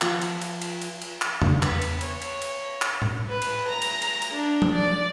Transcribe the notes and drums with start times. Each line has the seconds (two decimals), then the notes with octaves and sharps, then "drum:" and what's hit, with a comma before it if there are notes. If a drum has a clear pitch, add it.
0.01 F3 F#5 A#5, drum: clap
0.22 drum: cymbal
0.42 drum: cymbal
0.62 drum: cymbal
0.82 drum: cymbal
1.02 drum: cymbal
1.22 drum: clap
1.42 drum: tom
1.63 B3, drum: clap
1.82 drum: cymbal
2.01 C#5, drum: cymbal
2.22 drum: cymbal
2.42 drum: cymbal
2.82 drum: clap
3.02 drum: tom A2
3.29 B4
3.42 drum: cymbal
3.69 A#5
3.82 drum: cymbal
4.02 drum: cymbal
4.22 drum: cymbal
4.34 D4
4.62 drum: tom F3
4.75 D5